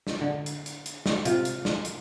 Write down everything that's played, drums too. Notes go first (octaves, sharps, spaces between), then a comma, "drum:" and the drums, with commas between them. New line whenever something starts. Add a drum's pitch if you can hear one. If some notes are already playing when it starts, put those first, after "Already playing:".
drum: snare
D3
drum: hi-hat
drum: hi-hat
drum: hi-hat
drum: snare
C3 F4, drum: hi-hat
drum: hi-hat
drum: snare
drum: hi-hat